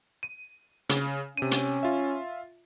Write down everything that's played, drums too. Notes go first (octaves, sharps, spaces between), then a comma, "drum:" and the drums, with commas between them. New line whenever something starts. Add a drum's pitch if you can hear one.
D#7
C#3, drum: hi-hat
C3 C#4 D#7
drum: hi-hat
F4 E5